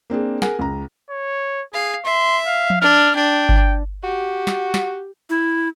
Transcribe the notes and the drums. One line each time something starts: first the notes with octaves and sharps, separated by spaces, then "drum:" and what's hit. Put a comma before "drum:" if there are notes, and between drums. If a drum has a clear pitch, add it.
A#3 C4 D4 G#4
G#4 A#4 F#5 G#5, drum: snare
C#2 A#5
C#5
G#4 F5
E5 C6
F5
drum: tom F3
D4 F6
D4 G5
drum: kick G1
F#4 G4
drum: snare
drum: snare
E4